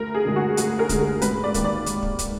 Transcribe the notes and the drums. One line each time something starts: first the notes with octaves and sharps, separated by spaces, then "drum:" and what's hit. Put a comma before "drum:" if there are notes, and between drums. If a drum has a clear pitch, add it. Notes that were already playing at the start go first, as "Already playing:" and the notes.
Already playing: D2 A#4
G#4
D3 G#3
F#4
D2 G#4, drum: hi-hat
A#4
D3 G#3, drum: kick, hi-hat
A#4
G#2 B4, drum: hi-hat
D5
D#3 A#3, drum: kick, hi-hat
D5
drum: hi-hat
drum: kick
drum: kick, hi-hat